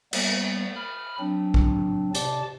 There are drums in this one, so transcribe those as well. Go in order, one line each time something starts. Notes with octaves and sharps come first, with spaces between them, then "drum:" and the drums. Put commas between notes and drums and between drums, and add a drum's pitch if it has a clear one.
G3 A#3 B3, drum: cymbal
B5 F6
F#3 C4 D4
drum: kick B1
C3 D5 A5 D6, drum: hi-hat